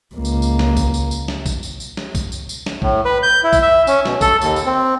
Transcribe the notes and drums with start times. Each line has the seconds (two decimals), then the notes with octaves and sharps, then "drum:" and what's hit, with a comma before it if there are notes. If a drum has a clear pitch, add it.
0.15 C#2 A#3
0.25 drum: tambourine
0.42 drum: tambourine
0.59 drum: snare
0.77 drum: kick B1, tambourine
0.94 drum: tambourine
1.11 drum: tambourine
1.28 drum: snare
1.46 drum: kick B1, tambourine
1.63 drum: tambourine
1.80 drum: tambourine
1.97 drum: snare
2.15 drum: kick B1, tambourine
2.32 drum: tambourine
2.49 drum: tambourine
2.66 drum: snare
2.82 A2, drum: kick B1
3.05 B4
3.23 G6
3.44 E4
3.53 drum: kick B1, tambourine
3.62 E5
3.87 C#4, drum: tambourine
4.05 B2, drum: snare
4.21 A4, drum: kick B1, tambourine
4.41 D#2, drum: tambourine
4.56 drum: tambourine
4.66 C4